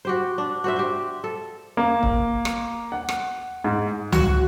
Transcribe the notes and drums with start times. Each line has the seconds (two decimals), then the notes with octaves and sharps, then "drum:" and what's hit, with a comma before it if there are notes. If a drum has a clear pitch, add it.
0.05 F#4 G4 C5
0.38 D4
0.64 F#4 C5 E5
0.76 G4 C5
1.24 A4
1.77 A#3
2.03 drum: kick
2.45 drum: rim click
2.92 F#5
3.09 drum: rim click
3.64 G#2
4.12 F#4, drum: tom C#2